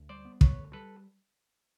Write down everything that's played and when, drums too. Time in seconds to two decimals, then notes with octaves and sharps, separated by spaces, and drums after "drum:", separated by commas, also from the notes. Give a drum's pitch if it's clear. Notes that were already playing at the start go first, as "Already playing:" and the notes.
Already playing: D2
0.09 G3 C5 D5
0.25 B3
0.41 D3 B4 C#5, drum: kick
0.57 D2
0.73 G3 A4 B4